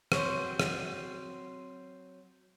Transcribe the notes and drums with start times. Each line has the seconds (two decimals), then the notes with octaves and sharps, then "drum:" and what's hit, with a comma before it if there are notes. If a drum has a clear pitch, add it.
0.12 F#3 C4, drum: rim click
0.60 drum: rim click